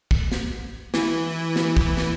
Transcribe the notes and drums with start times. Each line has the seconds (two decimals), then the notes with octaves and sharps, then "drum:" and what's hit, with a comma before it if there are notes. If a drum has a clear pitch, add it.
0.11 drum: kick
0.32 drum: snare
0.94 E3, drum: snare
1.56 drum: snare
1.77 drum: kick
1.97 drum: snare